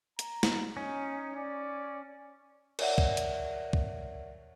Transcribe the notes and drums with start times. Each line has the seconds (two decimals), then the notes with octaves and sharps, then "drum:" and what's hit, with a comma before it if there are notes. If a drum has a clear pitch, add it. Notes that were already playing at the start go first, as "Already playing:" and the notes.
0.19 A#5, drum: hi-hat
0.43 drum: snare
0.77 C#4 D#4
1.36 D5
2.79 A#4 C#5 D5 E5 F#5, drum: cymbal
2.98 drum: kick C2
3.17 drum: hi-hat
3.73 drum: kick C2